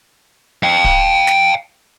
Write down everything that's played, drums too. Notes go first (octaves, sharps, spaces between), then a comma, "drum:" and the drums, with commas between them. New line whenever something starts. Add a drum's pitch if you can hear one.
F5 G5
drum: kick D1
drum: snare